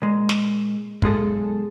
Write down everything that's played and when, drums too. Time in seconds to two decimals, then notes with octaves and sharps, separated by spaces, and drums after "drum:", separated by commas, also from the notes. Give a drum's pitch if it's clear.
0.02 A#2 G#3
0.29 drum: snare
1.02 B1 G#3 G#4 A4, drum: kick